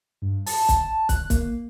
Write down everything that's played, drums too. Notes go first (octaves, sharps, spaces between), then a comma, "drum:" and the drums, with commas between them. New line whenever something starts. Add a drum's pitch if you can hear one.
G2
A5, drum: open hi-hat
drum: kick, hi-hat
F#6, drum: kick, hi-hat
A#3, drum: kick, hi-hat